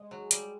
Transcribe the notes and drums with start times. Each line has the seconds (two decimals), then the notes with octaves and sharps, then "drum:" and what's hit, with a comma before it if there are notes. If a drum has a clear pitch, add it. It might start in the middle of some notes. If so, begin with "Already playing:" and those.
Already playing: G#3
0.11 F#3
0.31 G3, drum: hi-hat